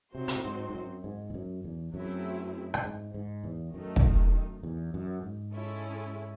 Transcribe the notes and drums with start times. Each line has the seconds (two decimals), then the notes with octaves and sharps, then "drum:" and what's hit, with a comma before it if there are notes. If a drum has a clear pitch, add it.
0.14 C3 F#3 C4 D#4 F#4 C5
0.28 C3, drum: hi-hat
0.36 A2
0.45 G#2
0.70 G#2
0.75 F#2
1.04 G#2
1.30 E2
1.34 F#2
1.64 E2
1.93 F#2 F#3 A3 C4 E4 G#4
2.74 drum: rim click
2.84 G#2
3.14 G#2
3.44 E2
3.73 F#2 D#3 A3 D#4
3.96 drum: kick
4.63 E2
4.94 F#2
5.23 G#2
5.53 G#3 C#4 E4 A4